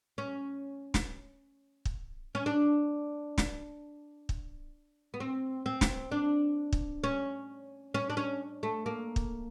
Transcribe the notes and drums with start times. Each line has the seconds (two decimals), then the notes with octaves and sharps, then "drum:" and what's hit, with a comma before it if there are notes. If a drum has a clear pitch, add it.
0.18 C#4
0.94 drum: snare
1.85 drum: kick
2.35 C#4
2.46 D4
3.38 drum: snare
4.29 drum: kick
5.14 B3
5.20 C4
5.66 C4
5.81 drum: snare
6.12 D4
6.73 drum: kick
7.04 C#4
7.94 C#4
8.10 D4
8.17 C#4
8.63 A3
8.86 A#3
9.16 drum: kick